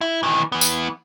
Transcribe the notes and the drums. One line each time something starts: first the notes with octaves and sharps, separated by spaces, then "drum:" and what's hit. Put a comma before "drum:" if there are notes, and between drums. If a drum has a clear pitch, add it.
E4
D#3 E3
E3 B3
drum: tambourine